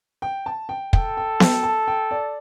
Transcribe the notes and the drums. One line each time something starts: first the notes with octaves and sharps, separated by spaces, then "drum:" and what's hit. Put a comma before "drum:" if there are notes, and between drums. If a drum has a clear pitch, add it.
G5
A5
G5
A4 G5, drum: kick
G5
G5, drum: snare B3
A5
G5
D5